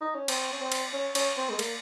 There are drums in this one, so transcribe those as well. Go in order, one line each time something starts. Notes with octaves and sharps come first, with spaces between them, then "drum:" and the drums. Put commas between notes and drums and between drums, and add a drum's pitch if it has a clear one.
D#4
C#4
C4, drum: cymbal
C#4
C4
drum: cymbal
C#4
C#4, drum: cymbal
C4
G#3
A#3, drum: cymbal